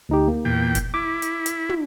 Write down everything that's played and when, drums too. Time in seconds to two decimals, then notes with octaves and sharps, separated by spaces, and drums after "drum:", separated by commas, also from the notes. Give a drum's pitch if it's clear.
0.09 D2 D#4 G4
0.28 A#3
0.45 E2 A#2 G5
0.75 drum: kick F1, hi-hat
0.94 E4 D6
1.22 drum: hi-hat
1.46 drum: hi-hat
1.69 drum: tom